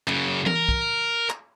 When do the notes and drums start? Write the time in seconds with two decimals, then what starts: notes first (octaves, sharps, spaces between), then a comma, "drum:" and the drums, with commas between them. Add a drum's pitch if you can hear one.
0.07 F#2 C#3, drum: clap
0.46 A#4, drum: tom E3
0.69 drum: kick
1.30 drum: clap